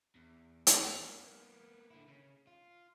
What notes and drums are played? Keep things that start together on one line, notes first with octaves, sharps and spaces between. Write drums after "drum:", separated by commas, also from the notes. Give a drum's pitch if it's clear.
E2
drum: hi-hat
A#3 B3
D3 E4
C#3
F4